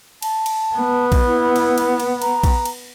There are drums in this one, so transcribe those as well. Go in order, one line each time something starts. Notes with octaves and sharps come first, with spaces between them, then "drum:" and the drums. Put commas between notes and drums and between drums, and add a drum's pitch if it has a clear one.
A5, drum: cymbal
drum: cymbal
B3
drum: kick A#1, cymbal
E4
drum: cymbal
drum: cymbal
drum: cymbal
A#5, drum: cymbal
drum: kick A#1, cymbal
drum: cymbal